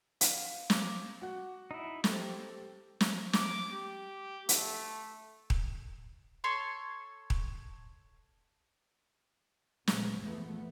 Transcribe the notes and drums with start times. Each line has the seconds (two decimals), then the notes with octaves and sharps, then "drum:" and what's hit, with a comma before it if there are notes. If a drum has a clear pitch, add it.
0.21 F5, drum: hi-hat
0.70 D6, drum: snare
1.22 F#4 F#5
1.71 D#4 E4
2.04 G4 A4 C5, drum: snare
3.01 drum: snare
3.33 D6, drum: snare
3.72 G4
4.49 A3, drum: hi-hat
5.50 drum: kick D#1
6.44 A4 C#5 C6
7.30 drum: kick D#1
9.87 D2 A#2 C#3 G#3 B3, drum: snare
10.20 E2 E3 F3 A3 B3